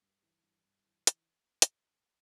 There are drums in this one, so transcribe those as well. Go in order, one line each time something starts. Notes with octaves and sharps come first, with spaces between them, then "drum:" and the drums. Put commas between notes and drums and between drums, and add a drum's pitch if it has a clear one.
G2
E3
G2
G2
E3
E3, drum: hi-hat
drum: hi-hat